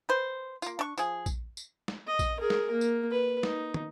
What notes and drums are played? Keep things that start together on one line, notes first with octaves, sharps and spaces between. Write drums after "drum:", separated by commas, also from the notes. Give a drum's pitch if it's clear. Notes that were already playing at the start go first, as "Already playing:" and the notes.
B4 C5
A#3 F4, drum: tambourine
D4 C#6
F3 G#4, drum: tambourine
drum: kick A#1, tambourine
drum: tambourine
drum: snare
D#5
drum: kick A#1, tambourine
G#4 A#4
drum: snare
A#3
drum: tambourine
B4
D#4, drum: snare
drum: tom